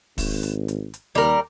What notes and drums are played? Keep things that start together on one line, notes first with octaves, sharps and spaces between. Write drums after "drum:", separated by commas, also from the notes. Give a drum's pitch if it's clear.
G#1, drum: kick, open hi-hat
drum: hi-hat
drum: hi-hat
drum: hi-hat
D#2 G3 A#4